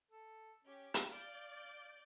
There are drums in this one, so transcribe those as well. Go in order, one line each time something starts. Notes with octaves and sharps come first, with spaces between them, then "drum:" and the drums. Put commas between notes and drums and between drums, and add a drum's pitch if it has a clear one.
A4
C#4 G4
drum: hi-hat
D5 F5 D6 G6